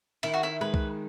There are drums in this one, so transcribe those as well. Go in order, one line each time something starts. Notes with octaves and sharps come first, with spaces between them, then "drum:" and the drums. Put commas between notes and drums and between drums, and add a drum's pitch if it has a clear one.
D#3 E4, drum: cymbal
F#4
E4
G#3 B4
drum: kick C2